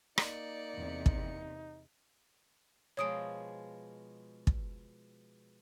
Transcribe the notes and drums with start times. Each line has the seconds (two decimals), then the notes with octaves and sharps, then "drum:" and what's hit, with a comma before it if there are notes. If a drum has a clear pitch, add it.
0.18 A#3 D#4 D5 C#7, drum: rim click
0.74 E2 C3
1.06 drum: kick
2.97 B2 F3 G#3 C#5 D#6 D7
4.47 drum: kick